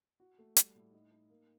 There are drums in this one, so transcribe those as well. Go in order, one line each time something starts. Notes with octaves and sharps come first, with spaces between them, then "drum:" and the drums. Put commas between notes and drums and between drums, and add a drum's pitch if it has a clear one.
F#4
A3
G3, drum: hi-hat
A2
D#4
D#4
A#3